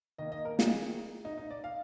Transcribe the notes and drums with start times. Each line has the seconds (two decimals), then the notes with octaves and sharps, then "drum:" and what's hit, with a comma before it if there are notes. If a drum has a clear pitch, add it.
0.18 D#3 A#3 D#5
0.32 D#5
0.45 A#4
0.59 G#4, drum: snare
1.25 D#4
1.38 D#4
1.51 D5
1.64 F5